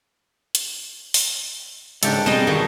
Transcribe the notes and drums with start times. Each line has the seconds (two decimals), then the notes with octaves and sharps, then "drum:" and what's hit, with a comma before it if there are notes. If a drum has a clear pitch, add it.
0.55 drum: hi-hat
1.14 drum: open hi-hat
2.03 G#2 C#3 D4 G4 A4, drum: hi-hat
2.26 B2 G3 C4 G#4 D#5 G5 A5
2.47 D2 D#3 F#4 G#4 F5